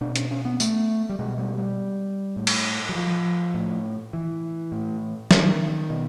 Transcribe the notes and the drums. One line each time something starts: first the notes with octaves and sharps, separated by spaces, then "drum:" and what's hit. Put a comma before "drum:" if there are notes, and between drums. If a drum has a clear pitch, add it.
B2 D4
C#4, drum: hi-hat
C#4
B3
A3, drum: tambourine
G3
B2 G#3
G3
G3
A2
drum: cymbal
F#3
F3
A2
E3
A2
D#3, drum: snare
B2